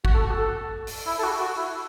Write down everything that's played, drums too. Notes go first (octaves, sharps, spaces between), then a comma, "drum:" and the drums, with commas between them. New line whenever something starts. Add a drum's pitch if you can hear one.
F#4, drum: kick G#1
A4
F#4
A4
drum: open hi-hat
E4
A4
F#4
F#4
E4